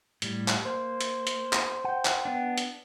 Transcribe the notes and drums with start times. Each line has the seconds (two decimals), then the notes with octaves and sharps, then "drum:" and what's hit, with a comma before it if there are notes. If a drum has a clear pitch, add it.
0.22 A2 G3, drum: hi-hat
0.48 drum: clap
0.66 A#3 C5
1.01 drum: hi-hat
1.27 drum: hi-hat
1.53 drum: clap
1.84 F#5 G5
2.05 drum: clap
2.25 B3 D4
2.58 drum: hi-hat